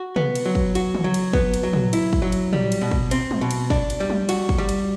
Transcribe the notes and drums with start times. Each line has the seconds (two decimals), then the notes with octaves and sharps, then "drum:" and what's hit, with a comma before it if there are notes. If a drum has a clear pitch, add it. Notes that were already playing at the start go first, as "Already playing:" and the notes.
Already playing: F#4
0.16 B3, drum: tom
0.35 drum: cymbal
0.46 F#3
0.55 drum: kick
0.75 F#4, drum: cymbal
0.95 drum: tom
1.04 F#3
1.14 drum: cymbal
1.33 B3, drum: kick
1.54 drum: cymbal
1.63 F#3
1.73 drum: tom
1.93 E4, drum: cymbal
2.13 drum: kick
2.22 F#3
2.32 drum: cymbal
2.53 G3, drum: tom
2.72 drum: cymbal
2.81 B2
2.91 drum: kick
3.11 C4, drum: cymbal
3.31 drum: tom
3.41 B2
3.51 drum: cymbal
3.70 D4, drum: kick
3.90 drum: cymbal
4.00 G3
4.10 drum: tom
4.29 F#4, drum: cymbal
4.49 drum: kick
4.58 G3
4.69 drum: cymbal